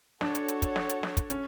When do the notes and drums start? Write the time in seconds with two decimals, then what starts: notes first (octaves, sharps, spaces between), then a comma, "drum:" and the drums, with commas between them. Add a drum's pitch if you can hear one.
0.21 D4 F#4 A4 C#5, drum: snare
0.35 drum: hi-hat
0.48 drum: hi-hat
0.62 drum: kick, hi-hat
0.76 drum: snare
0.89 drum: hi-hat
1.03 drum: snare
1.17 drum: kick, hi-hat
1.30 C#4, drum: hi-hat